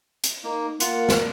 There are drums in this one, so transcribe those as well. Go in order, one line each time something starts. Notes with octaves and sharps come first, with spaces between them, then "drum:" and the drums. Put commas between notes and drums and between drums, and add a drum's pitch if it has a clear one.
drum: hi-hat
A#3 D#4
A#3 F4 F#5, drum: hi-hat
drum: snare